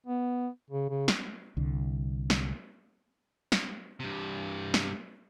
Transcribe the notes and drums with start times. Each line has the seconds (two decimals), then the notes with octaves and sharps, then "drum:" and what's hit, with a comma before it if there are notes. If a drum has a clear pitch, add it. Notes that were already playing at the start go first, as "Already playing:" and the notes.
0.06 B3
0.70 C#3
0.90 C#3
1.08 drum: snare
1.57 C2 D3
2.30 drum: snare
3.52 drum: snare
4.00 G2 C3
4.74 drum: snare